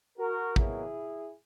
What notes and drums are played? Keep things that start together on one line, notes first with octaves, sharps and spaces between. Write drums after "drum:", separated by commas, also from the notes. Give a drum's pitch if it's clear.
F#4 A#4
B2 F#3 A#3 E4 G#4, drum: kick